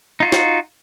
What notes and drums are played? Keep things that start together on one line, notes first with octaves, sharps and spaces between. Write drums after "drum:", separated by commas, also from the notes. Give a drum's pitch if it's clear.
D#4 F4 F#4
drum: snare